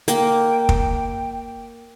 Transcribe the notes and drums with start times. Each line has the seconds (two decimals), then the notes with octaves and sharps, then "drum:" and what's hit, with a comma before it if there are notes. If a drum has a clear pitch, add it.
0.08 A#3 G5, drum: hi-hat
0.69 drum: kick